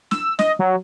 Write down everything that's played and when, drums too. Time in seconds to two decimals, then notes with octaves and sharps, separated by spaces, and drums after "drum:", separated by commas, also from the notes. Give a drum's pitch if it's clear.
0.11 E6, drum: snare
0.39 D#5, drum: snare
0.59 F#3